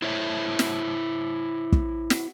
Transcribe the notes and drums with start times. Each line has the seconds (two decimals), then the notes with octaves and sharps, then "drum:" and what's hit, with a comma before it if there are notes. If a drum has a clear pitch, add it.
0.02 E4 C5 C#5 E5
0.59 drum: snare
1.72 drum: kick
2.10 drum: snare